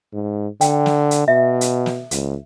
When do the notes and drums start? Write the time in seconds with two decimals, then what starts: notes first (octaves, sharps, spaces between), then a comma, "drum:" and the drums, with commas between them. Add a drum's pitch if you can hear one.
0.13 G#2
0.61 D3 G5, drum: hi-hat
0.86 drum: snare
1.11 drum: hi-hat
1.28 B2 E5
1.61 drum: hi-hat
1.86 drum: snare
2.11 C#2, drum: hi-hat